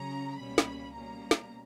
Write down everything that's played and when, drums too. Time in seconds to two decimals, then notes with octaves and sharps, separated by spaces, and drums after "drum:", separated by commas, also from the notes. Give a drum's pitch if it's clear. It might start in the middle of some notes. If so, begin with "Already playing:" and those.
Already playing: C#3 F#3 C#4 A#5
0.39 C#2 B2 G3 A#3 C#4 B5
0.58 drum: snare
0.94 B2 G3 A#3 C#4 A#5
1.31 drum: snare